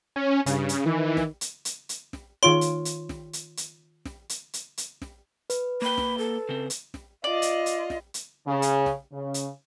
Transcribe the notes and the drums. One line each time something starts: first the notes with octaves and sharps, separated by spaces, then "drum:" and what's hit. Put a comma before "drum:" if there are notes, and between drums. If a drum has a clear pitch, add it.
C#4
G2 C#3, drum: hi-hat
drum: hi-hat
D#3 E3
drum: snare
drum: hi-hat
drum: hi-hat
drum: hi-hat
drum: snare
D#3 F4 C#5 C6 D7
drum: hi-hat
drum: hi-hat
drum: snare
drum: hi-hat
drum: hi-hat
drum: snare
drum: hi-hat
drum: hi-hat
drum: hi-hat
drum: snare
B4, drum: hi-hat
A#3 G5 B5
drum: snare
A4
C#3 C4
drum: hi-hat
drum: snare
F4 D5 D#5
drum: hi-hat
drum: hi-hat
drum: snare
drum: hi-hat
C#3
drum: hi-hat
drum: snare
C#3
drum: hi-hat